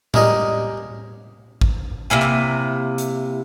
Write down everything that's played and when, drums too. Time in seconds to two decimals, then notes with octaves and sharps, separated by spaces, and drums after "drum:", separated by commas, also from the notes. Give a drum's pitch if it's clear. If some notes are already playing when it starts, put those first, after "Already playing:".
0.14 G3 G#3 A#3 G#4 D5 D#5, drum: tom A2
1.61 drum: kick G#1
2.10 C3 A#3 E4 G#5
2.22 drum: clap
2.98 drum: hi-hat